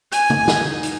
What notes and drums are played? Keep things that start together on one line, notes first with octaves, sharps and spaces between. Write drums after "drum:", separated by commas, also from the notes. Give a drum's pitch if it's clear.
G#5, drum: hi-hat
drum: tom
drum: snare
D#4
drum: hi-hat